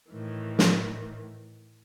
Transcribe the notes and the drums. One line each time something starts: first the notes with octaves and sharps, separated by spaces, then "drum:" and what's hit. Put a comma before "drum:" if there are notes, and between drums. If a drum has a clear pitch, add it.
A2 D#3 E3
drum: snare